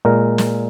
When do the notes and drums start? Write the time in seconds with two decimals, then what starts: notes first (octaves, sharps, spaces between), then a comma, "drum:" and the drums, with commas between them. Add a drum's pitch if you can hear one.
0.05 A#2 G#3 A#4
0.38 drum: snare